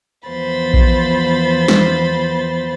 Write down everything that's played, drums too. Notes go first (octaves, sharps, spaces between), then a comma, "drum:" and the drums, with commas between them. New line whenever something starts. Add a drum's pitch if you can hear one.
E2 F3 B3 C5 B5 A6
drum: kick A#1
drum: snare